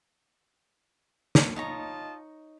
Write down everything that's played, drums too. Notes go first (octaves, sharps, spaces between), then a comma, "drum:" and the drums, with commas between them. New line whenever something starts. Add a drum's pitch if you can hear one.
drum: snare
D#4 F4 C#5 D#5 A5 A#5